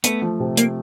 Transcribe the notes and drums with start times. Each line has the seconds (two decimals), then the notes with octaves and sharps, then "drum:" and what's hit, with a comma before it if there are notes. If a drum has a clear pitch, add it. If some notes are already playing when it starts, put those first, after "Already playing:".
0.04 A3 B3, drum: hi-hat
0.22 F3
0.40 C3
0.57 A#3, drum: hi-hat